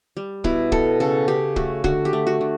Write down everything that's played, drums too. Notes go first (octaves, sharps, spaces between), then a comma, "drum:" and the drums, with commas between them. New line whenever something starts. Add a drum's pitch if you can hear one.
G3
B2 E4, drum: kick
B2 A4, drum: kick
C#3 A4
C#3 G4
A3 F#4, drum: kick
D3 F#4, drum: kick
G4
A3
F#4
D3